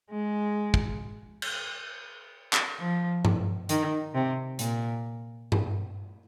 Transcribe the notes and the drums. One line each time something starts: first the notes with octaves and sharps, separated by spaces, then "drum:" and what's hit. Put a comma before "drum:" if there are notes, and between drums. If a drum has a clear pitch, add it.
G#3
drum: kick
drum: cymbal
drum: clap
F3
drum: tom G2
D#3, drum: hi-hat
C3
A#2, drum: hi-hat
drum: tom G2